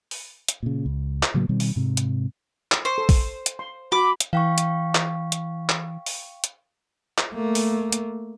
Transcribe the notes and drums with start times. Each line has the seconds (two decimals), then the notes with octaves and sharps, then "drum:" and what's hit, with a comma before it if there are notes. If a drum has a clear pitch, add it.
0.11 drum: open hi-hat
0.48 drum: hi-hat
0.63 A#2 C#3
0.86 C#2
1.23 drum: clap
1.34 A2 C#3 F#3 A#3
1.49 B2 D#3 G3 C4
1.60 drum: open hi-hat
1.76 G#2 C3
1.97 drum: hi-hat
2.72 drum: clap
2.85 C5 C#6
2.98 A4
3.09 drum: kick, open hi-hat
3.46 drum: hi-hat
3.59 C6
3.92 F#4 B5 D6
4.20 drum: hi-hat
4.33 E3 F5 G5 C#6
4.58 drum: hi-hat
4.95 drum: clap
5.32 drum: hi-hat
5.69 drum: clap
6.06 drum: open hi-hat
6.44 drum: hi-hat
7.18 drum: clap
7.34 A3 A#3
7.55 drum: open hi-hat
7.92 drum: hi-hat